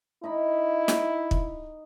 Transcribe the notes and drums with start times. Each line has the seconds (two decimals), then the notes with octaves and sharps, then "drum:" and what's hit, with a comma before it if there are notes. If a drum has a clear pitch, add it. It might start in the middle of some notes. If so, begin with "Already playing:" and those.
0.24 D#4 E4 D#5 B5
0.88 drum: snare
1.31 drum: kick